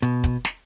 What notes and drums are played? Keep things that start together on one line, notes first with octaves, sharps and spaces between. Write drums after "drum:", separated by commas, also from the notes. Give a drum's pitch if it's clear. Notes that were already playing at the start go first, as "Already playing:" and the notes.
B2, drum: hi-hat
drum: kick, hi-hat
drum: snare